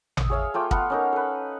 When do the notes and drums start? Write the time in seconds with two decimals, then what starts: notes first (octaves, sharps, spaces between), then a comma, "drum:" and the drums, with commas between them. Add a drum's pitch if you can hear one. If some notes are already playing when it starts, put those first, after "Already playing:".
0.17 D#6 E6, drum: tom A1
0.30 G#4 C#5 E5 F5
0.54 A3 F4 G5 D6
0.71 B3 A4 F5 F#5, drum: kick
0.90 C#4 D#4 A#4
1.13 A4 B4